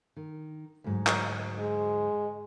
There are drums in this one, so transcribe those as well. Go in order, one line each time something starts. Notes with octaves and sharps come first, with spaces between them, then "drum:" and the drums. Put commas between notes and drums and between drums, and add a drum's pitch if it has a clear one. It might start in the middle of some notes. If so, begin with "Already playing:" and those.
D#3
D2 G#2 F#3
drum: clap
G#3